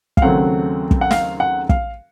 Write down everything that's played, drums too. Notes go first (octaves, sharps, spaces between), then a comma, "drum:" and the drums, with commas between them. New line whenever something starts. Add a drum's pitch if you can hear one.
F5, drum: kick
D#2 C#3 F#3 A3 C4 F#5
drum: kick
F#5
F5, drum: snare
F#5
F5, drum: kick